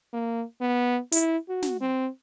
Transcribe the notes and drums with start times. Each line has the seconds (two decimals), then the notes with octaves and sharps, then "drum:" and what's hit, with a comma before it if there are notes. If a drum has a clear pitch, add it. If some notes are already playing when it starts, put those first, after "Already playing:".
0.13 A#3
0.61 B3
1.12 E4, drum: hi-hat
1.49 F#4
1.62 drum: snare
1.81 C4